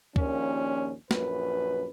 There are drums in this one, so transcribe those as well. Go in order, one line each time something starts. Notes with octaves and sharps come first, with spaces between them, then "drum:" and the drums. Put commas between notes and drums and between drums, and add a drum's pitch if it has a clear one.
A#1 D#2 A#2 C#4, drum: kick
A#1 F#2 B4, drum: snare